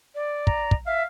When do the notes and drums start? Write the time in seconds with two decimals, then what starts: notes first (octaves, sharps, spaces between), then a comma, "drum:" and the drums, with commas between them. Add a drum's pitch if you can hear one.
0.15 D5
0.47 A#5, drum: kick
0.71 drum: kick
0.87 E5 F5